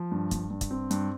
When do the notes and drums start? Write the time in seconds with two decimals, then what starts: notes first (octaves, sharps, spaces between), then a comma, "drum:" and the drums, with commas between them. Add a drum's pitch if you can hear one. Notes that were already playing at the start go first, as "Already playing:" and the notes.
Already playing: F3
0.12 G2
0.31 G2, drum: kick, hi-hat
0.50 G2
0.61 drum: kick, hi-hat
0.71 C4
0.91 G2, drum: hi-hat